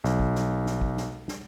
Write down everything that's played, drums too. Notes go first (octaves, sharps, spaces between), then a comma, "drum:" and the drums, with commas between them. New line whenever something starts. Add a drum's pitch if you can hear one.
B1, drum: snare
drum: kick
drum: snare
drum: snare
drum: kick
drum: snare
drum: snare